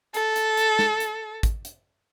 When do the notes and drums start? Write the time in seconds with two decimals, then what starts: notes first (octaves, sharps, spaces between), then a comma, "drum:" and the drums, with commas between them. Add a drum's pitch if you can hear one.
0.14 A4, drum: hi-hat
0.36 drum: hi-hat
0.57 drum: hi-hat
0.79 drum: snare
1.00 drum: hi-hat
1.43 drum: kick, hi-hat
1.65 drum: hi-hat